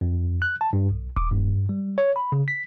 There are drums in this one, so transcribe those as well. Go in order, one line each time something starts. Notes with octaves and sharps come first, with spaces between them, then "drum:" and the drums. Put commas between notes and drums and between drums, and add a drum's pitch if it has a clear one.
F2
F#6
A5
G2
B1
D6, drum: kick D#1
G2
G3
C#5
B5
C#3
B6